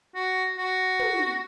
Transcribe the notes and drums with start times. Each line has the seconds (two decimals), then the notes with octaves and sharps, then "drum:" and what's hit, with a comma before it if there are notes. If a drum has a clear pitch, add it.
0.15 F#4
0.58 F#4
0.99 drum: tom